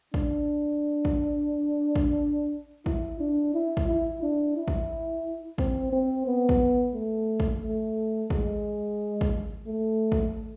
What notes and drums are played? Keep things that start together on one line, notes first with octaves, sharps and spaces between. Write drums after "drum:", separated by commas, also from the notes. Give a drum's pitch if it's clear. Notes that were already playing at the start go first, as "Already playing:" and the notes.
D4, drum: kick
drum: kick
drum: kick
E4, drum: kick
D4
E4
drum: kick
E4
D4
E4
drum: kick
C4, drum: kick
C4
B3
drum: kick
A3
drum: kick
A3
G#3, drum: kick
drum: kick
A3
drum: kick